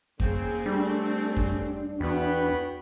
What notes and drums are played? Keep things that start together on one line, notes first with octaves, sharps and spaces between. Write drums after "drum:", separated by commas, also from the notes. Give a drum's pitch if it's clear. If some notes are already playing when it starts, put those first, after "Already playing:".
C#3 A#3 C4 G#4, drum: kick F2
G3 A3 D4 A4
drum: kick F2
E2 B3 F#4 G5 B5